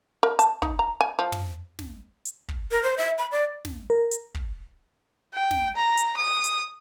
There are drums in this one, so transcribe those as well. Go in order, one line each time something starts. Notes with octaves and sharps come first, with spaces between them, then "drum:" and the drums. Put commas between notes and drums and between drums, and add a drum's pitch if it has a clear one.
A#4
A5, drum: hi-hat
D#4, drum: kick
A#5
G#5
F3
drum: tom
drum: snare
drum: hi-hat
drum: kick
A#4
C5
E5
B5
D5
drum: snare
A#4
drum: hi-hat
drum: kick
G5
drum: snare
A#5
drum: hi-hat
D#6
drum: hi-hat